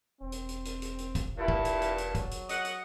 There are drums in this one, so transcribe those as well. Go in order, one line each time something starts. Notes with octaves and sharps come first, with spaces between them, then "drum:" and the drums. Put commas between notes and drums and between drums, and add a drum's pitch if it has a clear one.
E1 C4
drum: hi-hat
drum: hi-hat
drum: hi-hat
drum: hi-hat
drum: hi-hat
drum: kick, hi-hat
G2 A#2 E4 A5
drum: kick
drum: hi-hat
drum: hi-hat
drum: hi-hat
F#3, drum: kick, hi-hat
drum: hi-hat
D#5 F#5, drum: hi-hat
drum: hi-hat